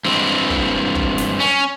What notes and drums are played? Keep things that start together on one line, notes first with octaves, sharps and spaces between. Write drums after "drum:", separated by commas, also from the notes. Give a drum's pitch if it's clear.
G2 E3 G#3 C4
drum: kick
drum: kick
drum: snare
C#4